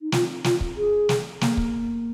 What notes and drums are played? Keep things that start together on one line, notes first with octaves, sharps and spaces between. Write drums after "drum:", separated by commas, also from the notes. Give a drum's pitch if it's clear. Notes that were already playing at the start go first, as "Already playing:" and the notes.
D#4
C4 F4, drum: snare
F4, drum: snare
drum: kick
G#4
drum: snare
A#3, drum: snare
drum: kick